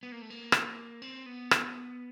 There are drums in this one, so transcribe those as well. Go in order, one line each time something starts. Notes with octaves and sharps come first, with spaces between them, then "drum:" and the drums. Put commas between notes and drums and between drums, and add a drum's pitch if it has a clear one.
B3
A#3
A3
A#3
drum: rim click
C4
B3
drum: rim click